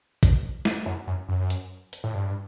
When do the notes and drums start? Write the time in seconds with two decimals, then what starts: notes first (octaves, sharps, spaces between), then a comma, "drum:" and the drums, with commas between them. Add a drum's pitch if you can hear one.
0.23 drum: kick A1, hi-hat
0.65 drum: snare
0.86 F#2
1.07 F#2
1.29 F#2
1.50 drum: hi-hat
1.93 drum: hi-hat
2.04 A2
2.14 G2